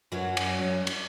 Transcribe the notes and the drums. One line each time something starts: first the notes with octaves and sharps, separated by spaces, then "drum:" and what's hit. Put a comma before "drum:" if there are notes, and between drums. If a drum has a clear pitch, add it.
F#2 F#3
drum: cymbal
drum: cymbal